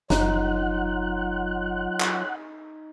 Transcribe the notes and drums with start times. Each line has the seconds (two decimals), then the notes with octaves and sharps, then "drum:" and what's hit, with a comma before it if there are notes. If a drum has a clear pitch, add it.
0.10 F#1 F#3 D#4 F4 F#5, drum: snare
2.00 drum: clap